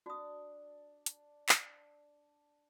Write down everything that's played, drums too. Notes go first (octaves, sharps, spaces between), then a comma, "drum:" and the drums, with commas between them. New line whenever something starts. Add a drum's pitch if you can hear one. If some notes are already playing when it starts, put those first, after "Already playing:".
D4 F#4 D#6
drum: hi-hat
drum: clap